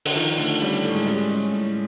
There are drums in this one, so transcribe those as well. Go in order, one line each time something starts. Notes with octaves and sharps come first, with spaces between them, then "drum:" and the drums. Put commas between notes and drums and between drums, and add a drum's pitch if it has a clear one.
D3, drum: open hi-hat
D#3 F3
D3 A3
G3 C#4
A2 A3
G#3
G3 C#4
G#3
C#4
A2